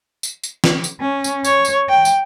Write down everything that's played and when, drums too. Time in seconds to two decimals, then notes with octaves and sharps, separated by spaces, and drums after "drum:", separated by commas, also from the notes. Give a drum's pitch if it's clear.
0.23 drum: tambourine
0.43 drum: tambourine
0.64 drum: snare
0.84 drum: tambourine
1.00 C#4
1.24 drum: tambourine
1.45 C#5, drum: tambourine
1.65 drum: tambourine
1.90 G5
2.05 drum: tambourine